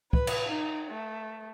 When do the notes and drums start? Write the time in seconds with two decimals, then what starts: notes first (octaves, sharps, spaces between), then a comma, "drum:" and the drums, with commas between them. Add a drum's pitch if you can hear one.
0.13 B4, drum: kick
0.27 drum: cymbal
0.48 D#4
0.90 A3